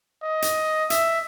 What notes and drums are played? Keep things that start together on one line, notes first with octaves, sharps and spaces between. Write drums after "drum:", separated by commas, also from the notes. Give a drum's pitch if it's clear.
D#5
drum: hi-hat
E5, drum: hi-hat